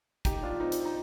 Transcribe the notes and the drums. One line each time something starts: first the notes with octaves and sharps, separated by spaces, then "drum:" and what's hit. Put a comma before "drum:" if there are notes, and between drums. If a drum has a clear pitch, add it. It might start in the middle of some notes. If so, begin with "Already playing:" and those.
D#4 G4, drum: kick, hi-hat
D4 F4
C4 D#4
drum: hi-hat
D#4